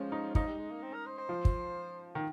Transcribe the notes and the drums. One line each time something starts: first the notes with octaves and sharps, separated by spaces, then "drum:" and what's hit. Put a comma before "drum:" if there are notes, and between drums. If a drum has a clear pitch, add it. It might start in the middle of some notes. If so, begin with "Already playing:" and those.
Already playing: F3 G#3 C#4
D#4
F3 D#4, drum: kick
G3
G#3
A#3
C4
A#4
C5
C5
F3
drum: kick
D#3